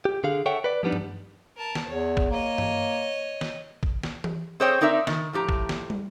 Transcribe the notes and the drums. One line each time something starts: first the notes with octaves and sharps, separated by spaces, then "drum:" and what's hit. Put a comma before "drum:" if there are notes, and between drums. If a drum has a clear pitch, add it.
G4
D3 G#4 F5
A4 C#5 E5 F#5 G5
B4 D5
F3 G3 B3 D4 D#4
drum: tom G2
A#4 A5
drum: snare
E2 C#5
drum: kick
A#3 C#5 D#5
drum: tom G2
drum: snare
drum: kick
drum: snare
drum: tom E3
C4 G#4 C5 C#5 D#5 G5
C4 D#4 A#4 D5 E5
D#3, drum: snare
A2 F3 G4 A#5
drum: kick
drum: snare
drum: tom